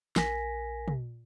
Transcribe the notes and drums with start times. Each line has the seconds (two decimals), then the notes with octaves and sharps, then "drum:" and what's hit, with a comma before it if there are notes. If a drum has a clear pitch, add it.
0.16 A#1 A#4 G#5 A#6 B6, drum: snare
0.88 drum: tom